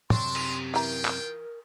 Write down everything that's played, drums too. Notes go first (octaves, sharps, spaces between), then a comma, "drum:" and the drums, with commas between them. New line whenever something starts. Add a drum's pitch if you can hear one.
F#2 C3 D4 C6, drum: tom
drum: cymbal
E3 F4 A#4 G5 A#5
drum: clap